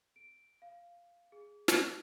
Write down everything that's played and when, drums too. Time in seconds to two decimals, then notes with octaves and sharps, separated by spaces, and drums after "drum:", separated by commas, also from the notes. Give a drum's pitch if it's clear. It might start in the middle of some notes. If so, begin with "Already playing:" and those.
0.16 D7
0.62 F5
1.32 G#4
1.68 drum: snare
1.77 F#6